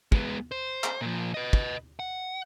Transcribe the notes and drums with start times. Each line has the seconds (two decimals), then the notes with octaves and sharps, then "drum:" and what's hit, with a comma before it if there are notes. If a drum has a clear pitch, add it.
0.12 G#3 B3, drum: kick
0.51 C5
0.84 drum: clap
1.01 A#2 F3
1.34 B4 D#5
1.53 drum: kick
1.99 F#5